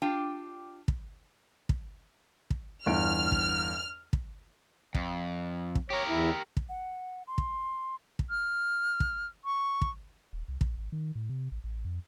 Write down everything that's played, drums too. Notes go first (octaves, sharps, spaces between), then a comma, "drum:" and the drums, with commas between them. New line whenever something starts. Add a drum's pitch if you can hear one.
D4 F4 G4 G5
drum: kick
drum: kick
drum: kick
G1 E2 F6 D7
drum: kick
drum: kick
F2, drum: kick
drum: kick
G4 A#4 C#5
E2 E4
drum: kick
F#5
C6
drum: kick
drum: kick
F6
drum: kick
C#6
drum: kick
D#1
C2
A#1, drum: kick
G#1
D#3
A2
C3
A1
A1
F2